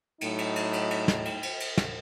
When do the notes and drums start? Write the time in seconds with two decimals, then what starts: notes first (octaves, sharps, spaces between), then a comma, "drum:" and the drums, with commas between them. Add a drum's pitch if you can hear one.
0.21 A2 F#3 D#4, drum: cymbal
0.38 drum: cymbal
0.56 drum: cymbal
0.73 drum: cymbal
0.91 drum: cymbal
1.08 drum: snare
1.25 drum: cymbal
1.43 drum: cymbal
1.60 drum: cymbal
1.78 drum: snare